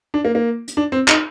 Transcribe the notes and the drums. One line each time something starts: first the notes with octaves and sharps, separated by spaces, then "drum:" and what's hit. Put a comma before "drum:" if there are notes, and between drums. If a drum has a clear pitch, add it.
D4
A#3
A#3
drum: hi-hat
D4
C4
D#4, drum: clap